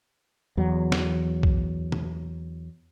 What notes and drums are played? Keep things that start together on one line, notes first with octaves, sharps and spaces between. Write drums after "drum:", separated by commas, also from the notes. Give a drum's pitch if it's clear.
E2 F#3
drum: snare
drum: kick B1
drum: tom